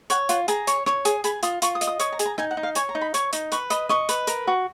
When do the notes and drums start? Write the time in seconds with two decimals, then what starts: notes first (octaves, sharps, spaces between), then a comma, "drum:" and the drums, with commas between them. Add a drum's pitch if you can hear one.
0.10 C#5 F#5, drum: hi-hat
0.29 F4 F#5, drum: hi-hat
0.48 G#4 A#5, drum: hi-hat
0.67 C#5, drum: hi-hat
0.86 C#5, drum: rim click
1.05 G#4, drum: hi-hat
1.24 G#4 B5, drum: hi-hat
1.43 F4 D#6, drum: hi-hat
1.62 F4 C#6, drum: hi-hat
1.75 D#6
1.81 D#5, drum: hi-hat
1.87 D#6
2.00 C#5 D#6, drum: hi-hat
2.12 A#5
2.19 G#4, drum: hi-hat
2.25 A#5
2.38 D#4 G#5, drum: rim click
2.51 F#5
2.57 D#4
2.63 F5
2.75 C#5 G#5, drum: hi-hat
2.89 A#5
2.95 D#4
3.01 B5
3.14 C#5 C#6, drum: hi-hat
3.33 D#4, drum: hi-hat
3.52 B4 C#6, drum: hi-hat
3.70 D#5 B5, drum: hi-hat
3.89 D#5 C#6, drum: rim click
4.09 B4, drum: hi-hat
4.27 A#4, drum: hi-hat
4.47 F#4